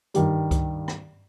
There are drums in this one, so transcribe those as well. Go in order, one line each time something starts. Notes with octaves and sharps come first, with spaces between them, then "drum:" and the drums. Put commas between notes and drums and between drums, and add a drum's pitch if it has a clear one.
G2 D#3 G3, drum: hi-hat
drum: kick C#2, hi-hat
drum: rim click